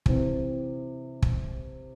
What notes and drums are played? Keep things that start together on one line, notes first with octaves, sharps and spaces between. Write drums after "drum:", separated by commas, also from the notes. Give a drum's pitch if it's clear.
C3 E3 C4, drum: kick
drum: kick